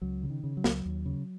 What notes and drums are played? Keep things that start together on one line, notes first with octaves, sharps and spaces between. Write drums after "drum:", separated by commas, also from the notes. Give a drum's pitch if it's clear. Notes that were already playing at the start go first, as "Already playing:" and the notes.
C#2 F#3
C#3
D#3
C#3
F#3
C#2, drum: snare
D#2
C#3